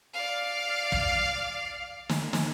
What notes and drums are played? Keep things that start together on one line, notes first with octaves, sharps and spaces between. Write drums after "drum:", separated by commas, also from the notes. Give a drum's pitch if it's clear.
D5 F5
drum: kick
drum: snare
drum: snare